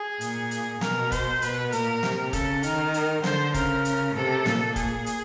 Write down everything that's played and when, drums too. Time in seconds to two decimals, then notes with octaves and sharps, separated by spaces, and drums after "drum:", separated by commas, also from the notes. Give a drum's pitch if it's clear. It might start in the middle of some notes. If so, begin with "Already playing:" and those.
Already playing: G#4
0.21 A#2, drum: hi-hat
0.51 drum: hi-hat
0.81 B2 A#4, drum: snare
1.12 C5, drum: kick, hi-hat
1.42 B2 B4, drum: hi-hat
1.72 A#2 A#4, drum: hi-hat
2.03 C3, drum: snare
2.33 C#3 A4, drum: kick, hi-hat
2.63 D#3 A#4, drum: hi-hat
2.94 drum: hi-hat
3.24 D3 C5, drum: snare
3.54 C#3 A#4, drum: kick, hi-hat
3.85 drum: hi-hat
4.15 C3 A4
4.46 A#2, drum: snare
4.76 A#2 G#4, drum: kick, hi-hat
5.06 drum: hi-hat